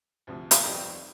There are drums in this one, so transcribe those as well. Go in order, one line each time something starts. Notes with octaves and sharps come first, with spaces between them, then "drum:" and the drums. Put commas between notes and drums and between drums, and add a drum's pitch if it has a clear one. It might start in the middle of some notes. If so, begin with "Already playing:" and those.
D2 C3 F3
drum: hi-hat
G1 F2 D#3 G3 D#5 G5